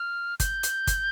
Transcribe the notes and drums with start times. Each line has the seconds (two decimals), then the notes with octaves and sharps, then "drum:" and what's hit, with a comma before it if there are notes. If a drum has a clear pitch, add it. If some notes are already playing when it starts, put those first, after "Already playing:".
Already playing: F6
0.40 G6, drum: kick G1, hi-hat
0.63 drum: hi-hat
0.87 drum: kick G1, hi-hat